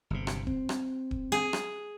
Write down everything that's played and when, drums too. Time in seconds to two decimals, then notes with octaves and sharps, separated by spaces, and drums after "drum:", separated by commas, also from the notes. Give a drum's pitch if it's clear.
0.10 G1 C3
0.27 drum: rim click
0.47 C4, drum: kick D#1
0.69 drum: rim click
1.11 drum: kick D#1
1.32 G#4
1.53 drum: rim click